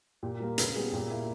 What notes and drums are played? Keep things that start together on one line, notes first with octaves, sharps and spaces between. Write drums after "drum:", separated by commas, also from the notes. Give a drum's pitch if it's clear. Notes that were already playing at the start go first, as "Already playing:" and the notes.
A#2 G4
G3 A#3 A#4
C#3 B4, drum: hi-hat
G3 B3 G#4
A#2 G4
A#3 E4